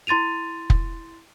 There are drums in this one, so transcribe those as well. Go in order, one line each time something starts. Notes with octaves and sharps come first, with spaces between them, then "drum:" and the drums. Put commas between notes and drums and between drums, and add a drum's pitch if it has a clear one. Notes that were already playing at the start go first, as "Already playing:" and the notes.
E4 C6 A6 D#7 F7
drum: kick